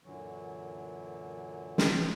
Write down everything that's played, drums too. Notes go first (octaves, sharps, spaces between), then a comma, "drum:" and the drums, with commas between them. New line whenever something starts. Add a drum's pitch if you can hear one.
F#2 A#2 D3 E3 F#3
drum: snare